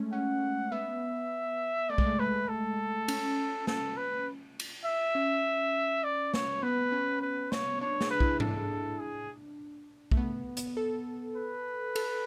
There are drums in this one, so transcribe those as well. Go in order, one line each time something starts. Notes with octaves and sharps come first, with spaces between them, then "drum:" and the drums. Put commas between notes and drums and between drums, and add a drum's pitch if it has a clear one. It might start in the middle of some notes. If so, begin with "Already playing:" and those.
Already playing: G#3 A3 C#4
C#4 F#5
B3 E5
A3 D5
G#3, drum: kick
A3
A3 B4
A4
C#4, drum: cymbal
A4, drum: snare
B4
drum: cymbal
E5
C#4
D5
C#5, drum: snare
B3 B4
C#4
B4
C#5, drum: snare
D4 C#5
G#4, drum: snare
B4
E4, drum: kick
D4 A4, drum: tom G#2
G#4
A3, drum: kick
B3
B3, drum: hi-hat
A4
B4
A4, drum: cymbal